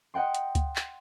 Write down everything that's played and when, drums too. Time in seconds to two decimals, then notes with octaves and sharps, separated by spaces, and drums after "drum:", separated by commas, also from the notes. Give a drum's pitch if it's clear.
0.14 D#5 F#5 G5 C6
0.35 drum: hi-hat
0.55 drum: kick C#2, hi-hat
0.76 drum: clap